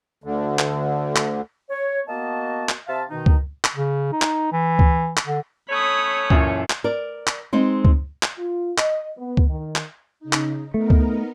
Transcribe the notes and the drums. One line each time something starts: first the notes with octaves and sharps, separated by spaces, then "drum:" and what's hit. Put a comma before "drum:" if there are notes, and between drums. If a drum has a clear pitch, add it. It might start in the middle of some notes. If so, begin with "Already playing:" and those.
D2 D3
drum: clap
drum: clap
C#5
A#3 B3 F#4 D#5 A5
drum: clap
C3 E5 F5 A5
B2 D#3 D#4
drum: kick C#2
drum: clap
C#3
D#4
drum: clap
E3
drum: kick C#2
drum: clap
D3
A3 C#4 C#5 B5 D#6
F#2 A#2 E3, drum: kick C#2
drum: clap
A#4 D5
drum: clap
G#3 C4 D#4
drum: kick C#2
drum: clap
F4
D#5, drum: clap
B3
drum: kick C#2
D#3
drum: clap
C#3 D#4
drum: clap
A3 B3 D#4 A#4
drum: kick C#2